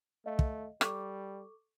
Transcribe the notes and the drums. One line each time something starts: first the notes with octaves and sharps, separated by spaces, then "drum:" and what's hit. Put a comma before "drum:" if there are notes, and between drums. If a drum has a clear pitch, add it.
A3 D#5 F5
drum: kick
G3 A4 C#6 D6, drum: rim click